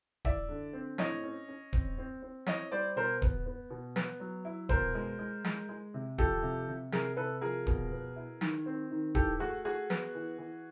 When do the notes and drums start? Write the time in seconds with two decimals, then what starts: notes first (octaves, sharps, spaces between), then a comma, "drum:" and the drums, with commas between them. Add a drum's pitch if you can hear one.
0.25 E4 D5 E5, drum: kick D1
0.49 D3
0.73 C4
0.98 A2 C#5 D#5, drum: snare
1.24 C#4
1.49 C#4
1.73 C4, drum: kick D1
1.98 C4
2.23 C4
2.46 E4 C#5 D#5, drum: snare
2.72 G3 C5 D5
2.96 B2 A#4 C5
3.22 B3, drum: kick D1
3.46 B3
3.70 B2
3.96 B3, drum: snare
4.20 F#3
4.45 E4
4.69 B2 A#4 C5, drum: kick D1
4.95 G#3
5.19 G#3
5.45 G#3, drum: snare
5.69 G#3
5.94 C3
6.18 F3 G4 A4, drum: kick D1
6.42 C3
6.68 C3
6.92 C3 G#4 A#4, drum: snare
7.17 C3 A4 B4
7.41 F3 G#4 A#4
7.67 B2, drum: kick D1
7.92 B3
8.16 E4
8.41 D#3, drum: snare
8.66 C4
8.91 D#3
9.15 E3 G4 A4, drum: kick D1
9.40 A3 F#4 G#4
9.65 A3 F#4 G#4
9.90 B3, drum: snare
10.15 E3
10.38 E3